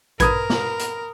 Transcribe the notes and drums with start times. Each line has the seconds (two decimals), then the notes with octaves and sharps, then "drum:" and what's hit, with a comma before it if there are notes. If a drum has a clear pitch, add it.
0.20 A#4 B4 B5 D#6 G#6, drum: kick A1, hi-hat
0.50 drum: snare
0.79 drum: hi-hat